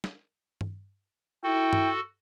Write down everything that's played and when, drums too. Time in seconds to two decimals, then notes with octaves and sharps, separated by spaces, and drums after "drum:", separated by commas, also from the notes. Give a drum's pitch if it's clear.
0.04 drum: snare
0.61 drum: tom G2
1.44 E4 F#4 A4 G5
1.73 drum: tom G2